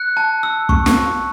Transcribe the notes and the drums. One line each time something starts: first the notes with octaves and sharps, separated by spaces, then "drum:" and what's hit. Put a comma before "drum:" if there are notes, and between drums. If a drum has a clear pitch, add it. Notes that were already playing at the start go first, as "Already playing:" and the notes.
Already playing: F#6 C#7
A5
E6
C#6, drum: kick
drum: snare